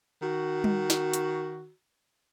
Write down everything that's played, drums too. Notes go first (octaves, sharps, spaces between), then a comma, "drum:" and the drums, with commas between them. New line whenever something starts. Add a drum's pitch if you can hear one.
D#3 F#4
drum: tom G3
drum: snare
drum: hi-hat